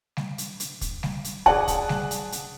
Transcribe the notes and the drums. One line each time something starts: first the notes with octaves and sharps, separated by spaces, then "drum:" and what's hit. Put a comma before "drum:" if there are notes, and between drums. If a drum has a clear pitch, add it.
drum: snare G3
drum: hi-hat
drum: hi-hat
drum: kick, hi-hat
drum: snare G3
drum: hi-hat
G#4 D5 F#5 A5, drum: kick
drum: kick, hi-hat
drum: snare G3
drum: hi-hat
drum: hi-hat